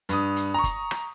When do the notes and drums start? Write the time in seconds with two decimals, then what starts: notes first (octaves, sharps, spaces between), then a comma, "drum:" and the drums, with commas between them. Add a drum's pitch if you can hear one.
0.09 G2 D#6, drum: hi-hat
0.36 drum: hi-hat
0.54 A#5 C#6
0.64 drum: kick F#1, hi-hat
0.91 drum: rim click